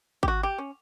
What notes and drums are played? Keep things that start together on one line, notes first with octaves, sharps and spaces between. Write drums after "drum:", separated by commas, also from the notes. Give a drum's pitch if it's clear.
G4, drum: kick G#1
F#4
G4
C#4